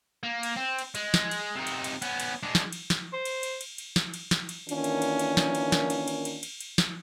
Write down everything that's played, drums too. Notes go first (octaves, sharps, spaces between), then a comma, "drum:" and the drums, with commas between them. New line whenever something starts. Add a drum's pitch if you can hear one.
A#3
drum: cymbal
C4
drum: cymbal
G#3, drum: cymbal
drum: snare
drum: cymbal
C3 D#4
drum: cymbal
drum: cymbal
B3 C#4, drum: cymbal
drum: cymbal
G#3 D4
drum: snare
drum: cymbal
drum: snare
C5
drum: cymbal
drum: cymbal
drum: cymbal
drum: cymbal
drum: snare
drum: cymbal
drum: snare
drum: cymbal
D#3 E3 A#3 C#4 D4 F4, drum: cymbal
drum: cymbal
drum: cymbal
drum: cymbal
drum: snare
drum: cymbal
drum: snare
drum: cymbal
drum: cymbal
drum: cymbal
drum: cymbal
drum: cymbal
drum: snare